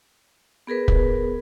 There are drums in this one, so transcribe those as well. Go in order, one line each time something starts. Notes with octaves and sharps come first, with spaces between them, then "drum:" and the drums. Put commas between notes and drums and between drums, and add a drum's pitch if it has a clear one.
B3 G#4 A#4 B4
drum: kick